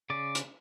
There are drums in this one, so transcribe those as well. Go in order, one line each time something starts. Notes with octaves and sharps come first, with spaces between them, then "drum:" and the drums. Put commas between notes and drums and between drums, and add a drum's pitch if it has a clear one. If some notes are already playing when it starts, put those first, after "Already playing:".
C#3 D5
drum: hi-hat